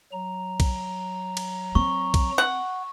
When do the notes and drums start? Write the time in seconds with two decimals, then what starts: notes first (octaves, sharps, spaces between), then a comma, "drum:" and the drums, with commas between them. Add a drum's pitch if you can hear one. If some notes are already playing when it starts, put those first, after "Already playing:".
0.12 F#3 A#5
0.60 drum: kick B1, cymbal
1.37 drum: cymbal
1.75 C4 C#6
2.14 drum: kick B1, cymbal
2.38 F#5